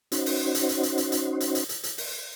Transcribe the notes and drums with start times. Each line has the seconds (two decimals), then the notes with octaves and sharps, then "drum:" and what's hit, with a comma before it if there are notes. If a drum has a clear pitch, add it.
0.12 C#4 D#4 F#4 C5, drum: hi-hat
0.26 drum: open hi-hat
0.55 drum: hi-hat
0.69 drum: hi-hat
0.83 drum: hi-hat
0.98 drum: hi-hat
1.12 drum: hi-hat
1.40 drum: hi-hat
1.55 drum: hi-hat
1.69 drum: hi-hat
1.83 drum: hi-hat
1.98 drum: open hi-hat